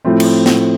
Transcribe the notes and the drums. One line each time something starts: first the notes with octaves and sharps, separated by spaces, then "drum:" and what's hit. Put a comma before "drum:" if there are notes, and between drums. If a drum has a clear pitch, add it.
A2 F3 A3 C4
drum: cymbal
drum: snare